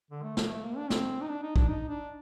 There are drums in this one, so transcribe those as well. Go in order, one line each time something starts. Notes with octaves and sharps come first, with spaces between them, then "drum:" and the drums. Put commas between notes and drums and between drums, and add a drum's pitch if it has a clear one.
D3
A3
A#3, drum: snare
A3
A#3
D4
C4, drum: snare
D#4
D4
D#4
D4, drum: kick
D#4
D4